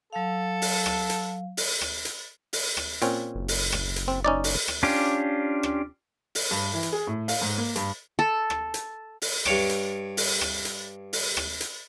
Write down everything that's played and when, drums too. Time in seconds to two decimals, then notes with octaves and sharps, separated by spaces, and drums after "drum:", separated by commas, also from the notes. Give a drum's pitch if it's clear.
0.13 F#3 A4 F5
0.62 drum: open hi-hat
0.86 drum: rim click
1.09 drum: hi-hat
1.57 drum: open hi-hat
1.81 drum: rim click
2.05 drum: hi-hat
2.53 drum: open hi-hat
2.77 drum: rim click
3.02 A#2 C4 C#4, drum: hi-hat
3.35 F#1
3.48 drum: open hi-hat
3.72 drum: rim click
3.96 drum: hi-hat
4.08 C4
4.25 C#4 D#4 D5
4.44 drum: open hi-hat
4.68 drum: rim click
4.83 C#4 D4 F4 G4
5.63 drum: rim click
6.35 drum: open hi-hat
6.51 G2
6.74 E3
6.83 drum: hi-hat
6.92 G#4
7.07 A2
7.28 F5, drum: open hi-hat
7.41 G#2
7.58 A#3
7.76 G2, drum: hi-hat
8.19 A4
8.50 drum: rim click
8.74 drum: hi-hat
9.22 drum: open hi-hat
9.45 G2 C#5 D6, drum: rim click
9.69 drum: hi-hat
10.17 drum: open hi-hat
10.41 drum: rim click
10.65 drum: hi-hat
11.13 drum: open hi-hat
11.37 drum: rim click
11.60 drum: hi-hat